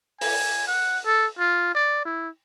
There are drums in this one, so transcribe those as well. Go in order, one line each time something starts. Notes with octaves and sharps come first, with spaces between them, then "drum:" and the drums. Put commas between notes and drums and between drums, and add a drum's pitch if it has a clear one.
G#5, drum: open hi-hat
F#5
A4
F4
D5
E4